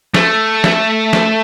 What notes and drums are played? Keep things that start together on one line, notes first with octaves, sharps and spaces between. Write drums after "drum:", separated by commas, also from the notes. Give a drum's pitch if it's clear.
A3, drum: snare
drum: snare
drum: snare